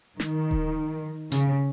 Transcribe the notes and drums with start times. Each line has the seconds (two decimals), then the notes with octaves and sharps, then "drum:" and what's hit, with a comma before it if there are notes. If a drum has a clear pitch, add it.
0.20 D#3, drum: snare
0.51 drum: kick D#1
1.32 C#3, drum: hi-hat